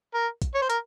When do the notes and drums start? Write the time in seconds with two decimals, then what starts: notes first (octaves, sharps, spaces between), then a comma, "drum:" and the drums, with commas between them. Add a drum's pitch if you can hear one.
0.14 A#4
0.42 drum: kick, hi-hat
0.55 C#5
0.62 C5
0.70 A#4, drum: hi-hat